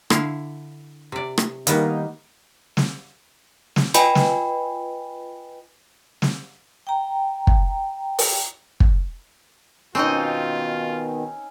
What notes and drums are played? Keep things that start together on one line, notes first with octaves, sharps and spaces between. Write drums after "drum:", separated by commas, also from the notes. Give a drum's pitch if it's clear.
D3 E4 F5, drum: rim click
C3 D5
drum: rim click
D#3 G3 A#3 B3 D#4, drum: hi-hat
drum: snare
drum: snare
F4 B4 D#5 G5 G#5 B5, drum: hi-hat
drum: snare
drum: snare
G5 A#5
drum: kick
drum: open hi-hat
drum: kick
B2 D#3 C4 C#4 D#4 F4 D#5